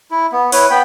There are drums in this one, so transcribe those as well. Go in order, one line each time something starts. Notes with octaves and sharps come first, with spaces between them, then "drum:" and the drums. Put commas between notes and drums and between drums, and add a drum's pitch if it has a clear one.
E4
B3
E4 B4 C#5, drum: open hi-hat
B3 G5 B5